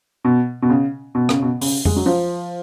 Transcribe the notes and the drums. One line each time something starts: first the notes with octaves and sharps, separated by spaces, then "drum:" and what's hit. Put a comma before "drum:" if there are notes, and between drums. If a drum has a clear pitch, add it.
B2
B2
C#3
B2
C#3, drum: rim click
B2
C#3, drum: open hi-hat
G#3, drum: tom F2
F#3
F3